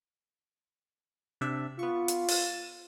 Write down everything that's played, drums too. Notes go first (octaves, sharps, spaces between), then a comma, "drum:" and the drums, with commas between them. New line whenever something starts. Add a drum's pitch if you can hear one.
C3 D4 E5
B3 F4 C#6
drum: hi-hat
A6 D#7 E7, drum: open hi-hat